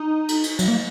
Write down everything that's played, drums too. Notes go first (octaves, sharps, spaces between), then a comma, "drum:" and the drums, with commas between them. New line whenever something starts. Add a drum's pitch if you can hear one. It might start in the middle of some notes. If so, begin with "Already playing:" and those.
Already playing: D#4
drum: cymbal
drum: cymbal
F#3, drum: cymbal
A#3